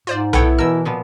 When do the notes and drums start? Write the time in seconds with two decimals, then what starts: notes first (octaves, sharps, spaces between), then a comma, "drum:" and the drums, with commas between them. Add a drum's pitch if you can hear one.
0.07 G#2 F4 C5 D5
0.33 B3 E4 A4 C#5 F#5 G5, drum: tom B1
0.59 B2 E3 A#4 E6
0.85 A#2 F3 B3